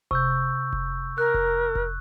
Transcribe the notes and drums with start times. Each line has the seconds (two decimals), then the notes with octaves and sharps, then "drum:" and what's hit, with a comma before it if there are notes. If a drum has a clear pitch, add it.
0.11 C3 C#6 E6 G6, drum: kick F1
0.73 drum: kick F1
1.18 A#4 F#6
1.34 drum: kick F1
1.75 drum: kick F1